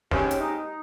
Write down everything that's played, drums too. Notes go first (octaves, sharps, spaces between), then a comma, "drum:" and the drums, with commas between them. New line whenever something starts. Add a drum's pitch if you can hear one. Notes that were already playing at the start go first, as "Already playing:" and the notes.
D#2 D#3 G#3 C4 C#4 G4, drum: snare
drum: hi-hat
D#4